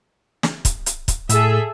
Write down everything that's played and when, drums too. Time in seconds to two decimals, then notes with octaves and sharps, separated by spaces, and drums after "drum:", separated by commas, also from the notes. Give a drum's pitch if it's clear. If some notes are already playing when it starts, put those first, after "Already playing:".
0.43 drum: snare
0.65 drum: kick, hi-hat
0.86 drum: hi-hat
1.08 drum: kick, hi-hat
1.29 A2 G#4 A4 E5, drum: hi-hat